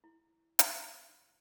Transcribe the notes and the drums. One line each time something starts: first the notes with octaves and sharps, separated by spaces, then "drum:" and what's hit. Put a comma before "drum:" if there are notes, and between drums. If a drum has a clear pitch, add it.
E4
drum: hi-hat